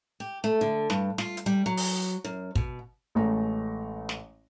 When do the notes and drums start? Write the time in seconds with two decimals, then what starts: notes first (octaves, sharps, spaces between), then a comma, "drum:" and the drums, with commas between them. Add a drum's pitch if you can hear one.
0.20 G4
0.44 A3
0.61 D3
0.90 G2, drum: snare
1.18 F4, drum: snare
1.37 drum: hi-hat
1.46 G3
1.66 F#3
1.77 drum: open hi-hat
2.24 F#2
2.55 B2, drum: kick
3.15 A1 G#3 A3 A#5
4.09 drum: snare